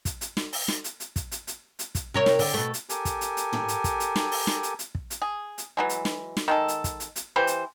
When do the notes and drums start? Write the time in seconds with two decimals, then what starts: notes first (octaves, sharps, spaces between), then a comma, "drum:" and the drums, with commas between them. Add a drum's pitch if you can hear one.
0.05 drum: kick, hi-hat
0.21 drum: hi-hat
0.37 drum: snare
0.53 drum: open hi-hat
0.68 drum: snare
0.84 drum: hi-hat
1.00 drum: hi-hat
1.16 drum: kick, hi-hat
1.32 drum: hi-hat
1.47 drum: hi-hat
1.79 drum: hi-hat
1.95 drum: kick, hi-hat
2.14 C3 A#4 C#5
2.26 drum: snare
2.39 D3, drum: open hi-hat
2.54 B2 A3
2.74 drum: hi-hat
2.89 G4 A4 A#4 G#5, drum: hi-hat
3.05 drum: kick, hi-hat
3.21 drum: hi-hat
3.37 drum: hi-hat
3.53 drum: tom
3.68 drum: hi-hat
3.84 drum: kick, hi-hat
4.00 drum: hi-hat
4.16 drum: snare
4.31 drum: open hi-hat
4.47 drum: snare
4.63 drum: hi-hat
4.79 drum: hi-hat
4.95 drum: kick
5.10 drum: hi-hat
5.22 G#4
5.58 drum: hi-hat
5.77 E3 F#3 G#3
5.89 drum: hi-hat
6.05 drum: snare
6.37 drum: snare
6.48 D#3 G#3 A4
6.68 drum: hi-hat
6.84 drum: kick, hi-hat
7.00 drum: hi-hat
7.16 drum: hi-hat
7.36 E3 G4 B4 C5
7.47 drum: hi-hat